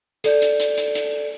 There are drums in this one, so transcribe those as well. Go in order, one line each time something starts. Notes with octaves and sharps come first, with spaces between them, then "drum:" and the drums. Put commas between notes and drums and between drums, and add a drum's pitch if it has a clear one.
A4 D5 G6, drum: hi-hat
drum: hi-hat
drum: hi-hat
drum: hi-hat
drum: hi-hat